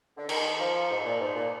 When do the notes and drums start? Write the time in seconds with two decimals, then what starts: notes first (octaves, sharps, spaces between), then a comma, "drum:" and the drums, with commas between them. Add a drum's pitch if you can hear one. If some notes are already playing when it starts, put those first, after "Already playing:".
0.18 D3
0.29 D#3, drum: cymbal
0.60 F3
0.91 G#2
1.05 A#2
1.21 G#2
1.36 A#2